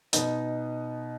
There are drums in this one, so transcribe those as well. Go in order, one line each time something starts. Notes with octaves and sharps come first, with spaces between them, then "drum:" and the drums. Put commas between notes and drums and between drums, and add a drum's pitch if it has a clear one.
B2 B3 D#4, drum: hi-hat